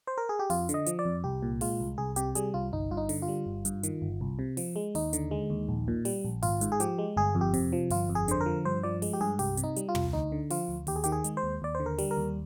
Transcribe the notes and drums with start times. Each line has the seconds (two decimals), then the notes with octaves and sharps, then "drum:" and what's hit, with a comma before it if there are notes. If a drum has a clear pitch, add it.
0.07 C5
0.18 A#4
0.29 G#4
0.39 G4
0.50 F2 F4, drum: open hi-hat
0.69 D3, drum: hi-hat
0.74 D#5
0.87 F3, drum: hi-hat
0.99 D5
1.05 F2
1.24 C2 G4
1.42 A#2
1.61 G#3 F4, drum: open hi-hat
1.80 C2
1.98 C2 G#4
2.16 C3 G4, drum: hi-hat
2.35 G3 G#4, drum: hi-hat
2.54 C2 F4
2.72 G1 D#4
2.91 G2 F4
2.97 D#4
3.09 D3, drum: open hi-hat
3.22 F4
3.28 G3
3.46 G1
3.65 G2, drum: hi-hat
3.83 D#3, drum: hi-hat
4.02 G1
4.21 C2
4.39 C3
4.57 F3, drum: open hi-hat
4.76 G#3
4.95 D#2 D#4, drum: open hi-hat
5.13 D3, drum: hi-hat
5.31 G#3
5.50 D#2
5.69 A#1
5.88 A#2
6.05 G3, drum: open hi-hat
6.25 A#1
6.43 G#1 F4, drum: open hi-hat
6.61 G#2, drum: hi-hat
6.72 G#4
6.80 F3 G4, drum: hi-hat
6.98 G#3
7.17 G1 G#4
7.35 F2
7.41 G4
7.54 C3, drum: open hi-hat
7.73 F3
7.90 G1 F4, drum: open hi-hat
8.09 F2
8.15 G#4
8.28 D3 C5, drum: hi-hat
8.41 A#4
8.46 F3
8.65 G2 C5
8.83 F3 D5
9.02 G#3, drum: open hi-hat
9.13 G4
9.21 G2 G#4
9.39 C2 G4, drum: open hi-hat
9.57 C3, drum: hi-hat
9.64 D#4
9.77 G3, drum: hi-hat
9.89 F4
9.95 C2, drum: tom
10.13 D2 D#4
10.32 D3
10.50 F3 F4, drum: open hi-hat
10.68 D2
10.87 D#2 G4, drum: open hi-hat
10.96 G#4
11.04 D#3 G4, drum: hi-hat
11.12 G#4
11.24 G#3, drum: hi-hat
11.37 C5
11.43 D#2
11.62 D#2 D5
11.75 C5
11.80 D3
11.86 A#4
11.98 G3, drum: open hi-hat
12.11 A#4
12.17 D#2